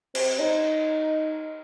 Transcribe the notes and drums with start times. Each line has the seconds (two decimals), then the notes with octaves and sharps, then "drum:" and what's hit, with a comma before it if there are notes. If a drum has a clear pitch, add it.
0.15 C4, drum: cymbal
0.39 D#4